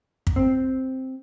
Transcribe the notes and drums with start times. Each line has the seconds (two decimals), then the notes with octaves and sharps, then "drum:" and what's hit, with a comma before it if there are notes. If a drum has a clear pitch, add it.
0.27 drum: kick
0.36 C4